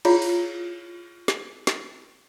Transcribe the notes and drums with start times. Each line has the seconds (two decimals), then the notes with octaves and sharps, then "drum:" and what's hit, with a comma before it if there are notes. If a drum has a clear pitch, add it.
0.05 E4 F4 G#4 C#5 F5, drum: cymbal
0.22 drum: open hi-hat
1.28 drum: snare
1.67 drum: snare